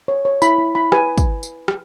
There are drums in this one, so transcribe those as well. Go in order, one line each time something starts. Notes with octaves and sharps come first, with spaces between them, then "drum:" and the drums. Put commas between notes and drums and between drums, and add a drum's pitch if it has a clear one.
C#5
C#5
E4 B5, drum: tambourine
E4
E4 B5
B4 G#5, drum: rim click
drum: kick, tambourine
drum: tambourine
drum: rim click